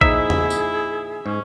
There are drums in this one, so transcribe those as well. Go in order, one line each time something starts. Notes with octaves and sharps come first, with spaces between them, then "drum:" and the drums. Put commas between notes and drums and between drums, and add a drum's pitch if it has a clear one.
A#2 F3 D#4 E4 G#4 E5, drum: kick A#1
drum: tom E2
drum: tambourine
G#2 C#4